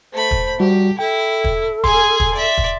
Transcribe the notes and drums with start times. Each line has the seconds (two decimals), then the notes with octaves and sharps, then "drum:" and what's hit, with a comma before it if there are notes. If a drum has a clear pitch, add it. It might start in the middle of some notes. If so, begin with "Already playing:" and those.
0.12 A3 C5 B5
0.31 drum: kick
0.60 G3 F#4 G4
0.99 E4 A4 G5
1.44 drum: kick
1.84 G#4 G#5 C6, drum: kick
2.20 drum: kick
2.34 D5 E5
2.58 drum: kick